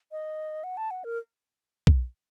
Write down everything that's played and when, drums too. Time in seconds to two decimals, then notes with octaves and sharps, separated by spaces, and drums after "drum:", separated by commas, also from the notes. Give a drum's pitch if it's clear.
0.12 D#5
0.64 F#5
0.77 A5
0.91 F#5
1.04 A#4
1.87 drum: kick B1